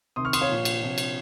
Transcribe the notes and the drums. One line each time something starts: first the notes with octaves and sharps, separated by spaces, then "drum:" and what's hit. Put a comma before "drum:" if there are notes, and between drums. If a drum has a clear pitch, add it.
C3 D#3 C6 D#6
C#6 F6
C6 D#6, drum: cymbal
C#5 F5
A#2 F3
drum: cymbal
C3 F3
drum: cymbal